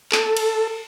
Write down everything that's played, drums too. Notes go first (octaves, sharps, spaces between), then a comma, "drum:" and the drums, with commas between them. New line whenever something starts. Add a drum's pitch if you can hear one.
A4, drum: clap
drum: cymbal